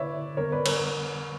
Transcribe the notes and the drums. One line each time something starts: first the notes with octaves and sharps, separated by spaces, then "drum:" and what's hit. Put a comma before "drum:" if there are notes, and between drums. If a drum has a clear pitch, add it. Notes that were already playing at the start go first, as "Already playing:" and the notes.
Already playing: D3 A#3 E4 B4 C#5 D5 E5
D3 G3 B3 A#4 C#5
B4 D5
A#4 C#5, drum: cymbal